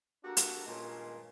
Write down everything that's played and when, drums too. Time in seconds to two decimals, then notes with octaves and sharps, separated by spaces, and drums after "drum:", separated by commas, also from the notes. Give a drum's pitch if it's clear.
0.24 A#3 D4 F#4 G4 A4 A#5
0.37 drum: hi-hat
0.66 G2 A#2 D#3 G#3 C#4 F4